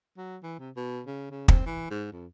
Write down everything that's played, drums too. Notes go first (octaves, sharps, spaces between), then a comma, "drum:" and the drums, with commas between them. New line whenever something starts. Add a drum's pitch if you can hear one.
F#3
E3
C3
B2
C#3
C#3
C4, drum: kick
E3
G#2
F2